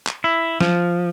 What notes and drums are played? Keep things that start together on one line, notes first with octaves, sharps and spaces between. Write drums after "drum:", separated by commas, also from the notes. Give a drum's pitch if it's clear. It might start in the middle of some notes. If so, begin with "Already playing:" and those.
drum: clap
E4
F3, drum: snare